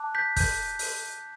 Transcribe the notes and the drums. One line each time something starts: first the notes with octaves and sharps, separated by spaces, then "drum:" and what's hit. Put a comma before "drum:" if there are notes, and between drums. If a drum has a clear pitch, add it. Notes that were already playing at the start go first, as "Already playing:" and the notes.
Already playing: A5 D6 F#6
G6 B6
G6, drum: kick, open hi-hat
drum: open hi-hat